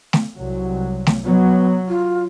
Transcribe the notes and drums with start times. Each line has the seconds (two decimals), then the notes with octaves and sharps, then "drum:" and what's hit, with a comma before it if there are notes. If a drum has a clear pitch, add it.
0.13 drum: snare A3
0.37 C2 F#3
1.07 drum: snare A3
1.25 F#3 B3
1.88 F4